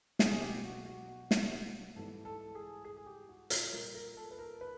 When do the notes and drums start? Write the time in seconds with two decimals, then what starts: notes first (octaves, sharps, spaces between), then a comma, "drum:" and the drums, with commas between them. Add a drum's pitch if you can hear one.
0.19 B2 F#3 G#4, drum: snare
0.41 G4
0.64 F#4
0.85 F#4
1.08 F#4
1.31 drum: snare
1.96 G#2 E3 G3 A4
2.25 A4
2.55 G#4
2.85 G#4
2.97 G#4
3.06 G4
3.29 F#4
3.50 F4, drum: hi-hat
3.73 A#2 G3 A#4
3.95 A#4
4.17 A4
4.31 B4
4.39 A#4
4.61 B4